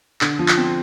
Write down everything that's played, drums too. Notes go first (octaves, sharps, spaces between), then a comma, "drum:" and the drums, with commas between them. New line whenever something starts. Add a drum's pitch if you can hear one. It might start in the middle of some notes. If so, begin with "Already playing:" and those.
D3, drum: clap
F3
drum: clap
C4